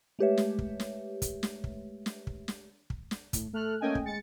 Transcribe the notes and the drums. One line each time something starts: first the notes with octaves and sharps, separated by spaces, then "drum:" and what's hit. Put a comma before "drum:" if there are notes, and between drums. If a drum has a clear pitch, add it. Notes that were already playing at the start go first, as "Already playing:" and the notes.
G#3 A3 G4 B4 C#5 E5
drum: snare
drum: kick
drum: snare
drum: kick, hi-hat
drum: snare
drum: kick
drum: snare
drum: kick
drum: snare
drum: kick
drum: snare
A2, drum: kick, hi-hat
A3 A4 F6 F#6
A3 A#3 C#4 D#5 G5 G#5
drum: kick
G#3 A6 C#7